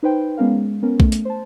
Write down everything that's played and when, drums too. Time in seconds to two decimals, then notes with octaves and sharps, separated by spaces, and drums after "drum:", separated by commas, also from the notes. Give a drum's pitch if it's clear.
0.03 D#4 B4 C5 G5
0.37 G#3 B3 C#4 A#4 F5
0.56 G#3
0.83 B3 C#4 A#4
1.00 A3, drum: kick
1.12 drum: hi-hat
1.25 C5 A5